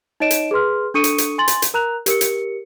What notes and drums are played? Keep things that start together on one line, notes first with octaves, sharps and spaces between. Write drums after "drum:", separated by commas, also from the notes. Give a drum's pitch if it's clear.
D#4 C#5 D#5 D7 E7
drum: hi-hat
G#4 B4 C6 F6
D4 A4 C#6 D#6 C#7 D#7
drum: hi-hat
drum: hi-hat
G#5 C6 A6 F#7
drum: hi-hat
drum: hi-hat
A#4 A#5 F#6 F7
G4 A#4 C#7, drum: hi-hat
drum: hi-hat